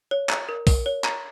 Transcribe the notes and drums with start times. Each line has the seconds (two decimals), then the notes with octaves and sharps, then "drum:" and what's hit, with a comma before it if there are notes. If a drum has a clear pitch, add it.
0.11 C#5
0.29 A#5, drum: clap
0.49 A#4
0.67 A#4, drum: kick, open hi-hat
0.86 C#5
1.04 A#5, drum: clap